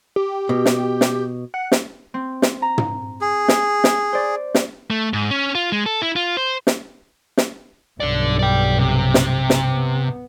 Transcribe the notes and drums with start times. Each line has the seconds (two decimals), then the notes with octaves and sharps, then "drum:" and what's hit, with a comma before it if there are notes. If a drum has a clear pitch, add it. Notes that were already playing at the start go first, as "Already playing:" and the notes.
0.16 G4
0.49 B2
0.65 drum: snare
1.01 drum: snare
1.54 F#5
1.72 drum: snare
2.14 C4
2.42 drum: snare
2.62 A#5
2.78 drum: tom
3.21 G#4
3.48 drum: snare
3.84 drum: snare
4.13 C5 D5
4.55 drum: snare
4.90 A3
5.13 G#2
5.31 C#4
5.55 F4
5.72 G#3
5.86 A4
6.02 E4
6.16 F4
6.37 C5
6.67 drum: snare
7.37 drum: snare
8.00 B1 G2 D3 D5
8.39 D5 G5
8.79 C3
9.14 drum: snare
9.50 drum: snare
9.72 B3